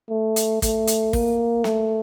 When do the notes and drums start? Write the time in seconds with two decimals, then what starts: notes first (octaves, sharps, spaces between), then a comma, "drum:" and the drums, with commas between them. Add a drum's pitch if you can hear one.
0.10 A3
0.36 drum: hi-hat
0.62 A3, drum: kick, hi-hat
0.87 drum: hi-hat
1.13 A#3, drum: kick, open hi-hat
1.64 A3, drum: snare